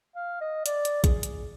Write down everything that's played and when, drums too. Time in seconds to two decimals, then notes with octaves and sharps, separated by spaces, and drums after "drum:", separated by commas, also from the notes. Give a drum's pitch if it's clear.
0.16 F5
0.41 D#5
0.66 D5, drum: hi-hat
0.85 drum: hi-hat
1.04 G#4, drum: kick A#1, hi-hat
1.23 drum: hi-hat